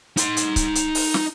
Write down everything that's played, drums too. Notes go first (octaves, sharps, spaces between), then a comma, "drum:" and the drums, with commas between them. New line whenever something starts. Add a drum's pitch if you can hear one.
D#4 C6, drum: hi-hat
drum: hi-hat
drum: kick C#1, hi-hat
drum: hi-hat
drum: open hi-hat
drum: snare